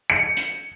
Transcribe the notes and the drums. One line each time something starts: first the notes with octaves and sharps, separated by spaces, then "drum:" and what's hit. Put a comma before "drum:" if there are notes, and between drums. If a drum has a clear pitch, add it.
C#7
drum: hi-hat